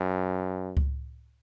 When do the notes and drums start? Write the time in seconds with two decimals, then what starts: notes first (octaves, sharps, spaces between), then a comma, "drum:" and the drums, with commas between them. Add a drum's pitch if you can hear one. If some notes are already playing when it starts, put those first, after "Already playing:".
Already playing: F#2
0.77 drum: kick C#2